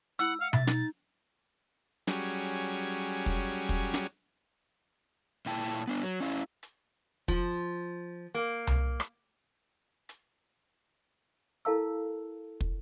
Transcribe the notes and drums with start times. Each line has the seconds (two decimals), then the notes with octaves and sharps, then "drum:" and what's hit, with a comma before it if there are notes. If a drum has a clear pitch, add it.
0.19 E4 F#5 E6, drum: hi-hat
0.40 F5 F#5
0.53 E5 A6, drum: tom B2
0.67 D#4, drum: snare
2.07 F#3 G3 C#4 G#4, drum: snare
3.26 drum: kick
3.69 drum: kick
3.94 drum: snare
5.46 A#2 E4 G5 A5
5.65 drum: hi-hat
5.87 B3 D4
6.03 F#3
6.20 C#4 E4 F5
6.63 drum: hi-hat
7.28 F3, drum: kick
8.35 A#3
8.67 drum: tom C2
9.00 drum: rim click
10.09 drum: hi-hat
11.65 E4 A4 A#4 F5 A5 E6
12.61 drum: kick